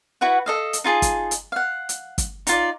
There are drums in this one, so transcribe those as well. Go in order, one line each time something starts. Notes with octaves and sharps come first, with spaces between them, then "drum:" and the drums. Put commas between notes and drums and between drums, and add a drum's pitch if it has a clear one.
E4 F#4 B4 F#5
A4 D#5 F5
drum: hi-hat
D#4 F4 G#4 A5
drum: kick, hi-hat
drum: hi-hat
F5 F#5
drum: hi-hat
drum: kick, hi-hat
D#4 F4 D5, drum: hi-hat